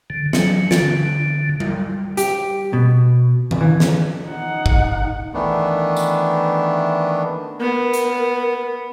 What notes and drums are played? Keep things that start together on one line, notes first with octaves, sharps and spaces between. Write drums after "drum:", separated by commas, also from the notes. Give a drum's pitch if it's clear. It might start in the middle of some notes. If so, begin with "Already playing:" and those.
D3
F#3, drum: snare
D3, drum: snare
drum: tom G3
G4, drum: hi-hat
B2
drum: tom D#3
E3
drum: snare
D#4 F#5
drum: kick
D#3 E3 A3 B3 D4
drum: tambourine
B3 A#4
drum: hi-hat